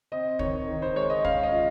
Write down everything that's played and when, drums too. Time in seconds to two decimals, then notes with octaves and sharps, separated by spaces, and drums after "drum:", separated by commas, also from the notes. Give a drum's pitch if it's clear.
0.12 C4 D#5
0.39 D#3 C#5, drum: kick
0.68 D#3
0.82 C5
0.95 G#3 C#5
1.10 D#5
1.25 C#4 F5, drum: kick
1.43 D#5
1.52 F4